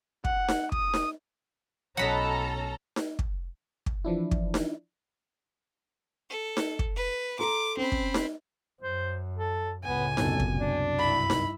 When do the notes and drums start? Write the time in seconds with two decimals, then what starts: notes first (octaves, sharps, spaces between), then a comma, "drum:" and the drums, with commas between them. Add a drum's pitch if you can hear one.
0.25 F#5, drum: kick
0.48 drum: snare D#4
0.72 D#6, drum: kick
0.94 drum: snare D#4
1.97 B1 F#3 C#4 A4 D#5 F#5 A#5 B5
2.96 drum: snare D#4
3.19 drum: kick
3.86 drum: kick
4.05 E3 F3 D4 E4
4.31 drum: kick
4.54 drum: snare D#4
6.30 A4
6.57 drum: snare D#4
6.79 drum: kick
6.96 B4
7.39 A4 A#5 C6 D6
7.77 C4 C#4 B5
7.92 drum: kick
8.14 drum: snare D#4
8.81 F#2 C5
9.38 A4
9.84 C#2 A2 B3 G#5
10.17 C2 F#2 B2 A4, drum: snare D#4
10.40 drum: kick
10.59 D4
10.99 G2 E4 B5
11.30 drum: snare D#4